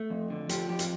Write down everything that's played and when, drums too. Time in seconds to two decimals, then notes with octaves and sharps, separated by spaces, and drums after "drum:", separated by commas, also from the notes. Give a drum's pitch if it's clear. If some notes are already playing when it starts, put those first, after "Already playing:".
Already playing: A3
0.10 F2
0.30 D3
0.49 F3 G4, drum: hi-hat
0.69 F2 G4
0.79 drum: hi-hat